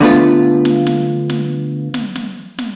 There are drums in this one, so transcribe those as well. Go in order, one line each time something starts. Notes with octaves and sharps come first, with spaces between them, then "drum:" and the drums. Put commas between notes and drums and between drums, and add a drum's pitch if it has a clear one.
D3 A3 B3 F4
drum: snare
drum: snare
drum: snare
drum: snare
drum: snare
drum: snare